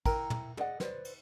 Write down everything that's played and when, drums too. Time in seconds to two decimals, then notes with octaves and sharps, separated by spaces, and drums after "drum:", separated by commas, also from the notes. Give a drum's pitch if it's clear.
0.06 E4 A#4 G5 A#5, drum: kick, cymbal
0.30 drum: tom
0.57 G#4 D5 D#5 F#5, drum: tom
0.80 B4 C5 D5, drum: snare
1.05 drum: cymbal